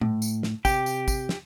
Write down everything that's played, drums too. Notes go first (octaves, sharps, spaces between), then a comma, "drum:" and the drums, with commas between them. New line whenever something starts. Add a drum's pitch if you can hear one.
A2, drum: tom A#2
drum: tambourine
drum: snare
C3 G4 G5, drum: kick, tambourine
drum: tambourine
drum: kick, tambourine
drum: snare